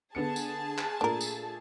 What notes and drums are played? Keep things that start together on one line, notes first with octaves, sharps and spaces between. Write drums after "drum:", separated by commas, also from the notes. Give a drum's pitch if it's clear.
D3 B3 G#4 A5 C#7
drum: tambourine
drum: clap
A#2 A3 D4 A#4
drum: tambourine